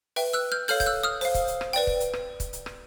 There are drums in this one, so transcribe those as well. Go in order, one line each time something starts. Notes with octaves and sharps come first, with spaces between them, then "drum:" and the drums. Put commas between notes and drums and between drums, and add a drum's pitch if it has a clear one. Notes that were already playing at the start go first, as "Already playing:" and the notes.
B4 E5 G5, drum: open hi-hat
E6 F#6
F6 G6
A4 C#5 F5 F6 G6, drum: open hi-hat
G6, drum: kick, hi-hat
E6 F#6
D#6 F6
C5 F5, drum: open hi-hat
drum: kick, hi-hat
drum: hi-hat
drum: rim click
B4 D5 G5, drum: open hi-hat
drum: kick
drum: hi-hat
drum: rim click
drum: kick, hi-hat
drum: hi-hat
drum: rim click